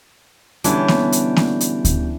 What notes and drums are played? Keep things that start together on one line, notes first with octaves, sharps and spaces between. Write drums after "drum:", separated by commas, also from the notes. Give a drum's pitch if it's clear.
B2 D3 E3 G3 C#4, drum: hi-hat
drum: snare A#3
drum: hi-hat
drum: snare A#3
drum: hi-hat
drum: kick D2, hi-hat